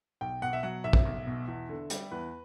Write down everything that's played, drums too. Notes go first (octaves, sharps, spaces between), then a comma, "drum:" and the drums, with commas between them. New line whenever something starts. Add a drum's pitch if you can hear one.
B1 G5
B2 F#5
E5
F#3 F#5
B1 E5
drum: kick
B1
B2
E2
D3
G3, drum: hi-hat
E2 B4